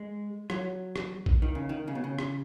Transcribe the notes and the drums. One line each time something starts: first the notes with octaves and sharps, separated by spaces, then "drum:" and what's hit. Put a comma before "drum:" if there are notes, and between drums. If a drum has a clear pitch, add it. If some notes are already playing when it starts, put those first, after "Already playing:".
Already playing: G#3
F#3, drum: rim click
drum: rim click
drum: kick A#1
D#3
C#3
D#3
C#3
B2
C#3
drum: rim click